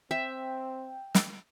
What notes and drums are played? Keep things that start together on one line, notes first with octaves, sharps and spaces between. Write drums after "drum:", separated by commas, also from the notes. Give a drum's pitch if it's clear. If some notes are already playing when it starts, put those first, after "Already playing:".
C4 E5 G5
drum: snare